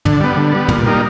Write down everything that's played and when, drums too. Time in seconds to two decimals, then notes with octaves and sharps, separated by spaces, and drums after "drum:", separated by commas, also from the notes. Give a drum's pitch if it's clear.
0.05 D3, drum: tom
0.20 G3 B3
0.37 D3
0.52 G3 B3
0.68 A#2, drum: tom
0.85 G3 A#3 D#4